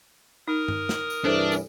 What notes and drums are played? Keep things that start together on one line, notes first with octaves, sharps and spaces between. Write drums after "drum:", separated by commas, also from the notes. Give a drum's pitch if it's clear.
D#4 A#4 D#6
drum: tom G2
drum: snare
drum: tambourine
C2 G2 E3 D4 A4 C5
drum: tambourine